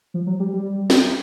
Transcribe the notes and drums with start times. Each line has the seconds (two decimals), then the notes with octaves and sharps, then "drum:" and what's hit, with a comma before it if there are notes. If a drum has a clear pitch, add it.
0.14 F3
0.27 F#3
0.40 G3
0.53 G3
0.90 drum: snare